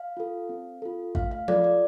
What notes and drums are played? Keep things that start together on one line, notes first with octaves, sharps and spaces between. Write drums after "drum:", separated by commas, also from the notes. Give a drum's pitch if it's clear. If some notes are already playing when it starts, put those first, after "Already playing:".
Already playing: F5
F4 A4
C4
F4 A4
A3 F5, drum: kick G#1
F5
F4 A4 D5, drum: tom F3
D5